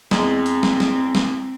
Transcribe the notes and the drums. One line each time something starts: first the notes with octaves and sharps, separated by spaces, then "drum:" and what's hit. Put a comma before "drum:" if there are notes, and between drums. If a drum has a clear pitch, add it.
E2 G#3 C4, drum: snare
drum: hi-hat
drum: snare
drum: snare
drum: snare